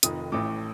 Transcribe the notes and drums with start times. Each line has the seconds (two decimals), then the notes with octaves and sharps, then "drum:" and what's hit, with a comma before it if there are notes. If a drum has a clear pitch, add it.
0.03 F1 F2 D#3 D#6, drum: hi-hat
0.32 A1 A2 A3 D6